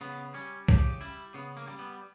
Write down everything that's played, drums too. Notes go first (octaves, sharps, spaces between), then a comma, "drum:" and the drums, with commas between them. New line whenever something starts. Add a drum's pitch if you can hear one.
C#3 B3
G3 C#4
C#3 G4, drum: kick B1
G3 E4
C#3 B3
A#3
G3
B3